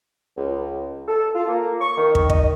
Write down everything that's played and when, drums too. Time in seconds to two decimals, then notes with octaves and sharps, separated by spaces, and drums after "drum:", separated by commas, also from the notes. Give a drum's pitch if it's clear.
0.37 C#2
1.08 A4
1.35 F4
1.48 A#3
1.81 C#6
1.97 D#3
2.15 drum: kick
2.30 D#5, drum: kick